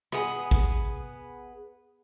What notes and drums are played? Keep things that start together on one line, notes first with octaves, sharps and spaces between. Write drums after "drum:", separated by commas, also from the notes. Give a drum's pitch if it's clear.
B3 G#4, drum: rim click
drum: kick G#1